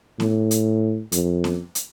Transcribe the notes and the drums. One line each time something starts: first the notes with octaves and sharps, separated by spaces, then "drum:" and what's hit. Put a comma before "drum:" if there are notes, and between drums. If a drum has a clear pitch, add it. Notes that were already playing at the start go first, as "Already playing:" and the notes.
A2, drum: snare
drum: hi-hat
F2, drum: hi-hat
drum: snare
drum: hi-hat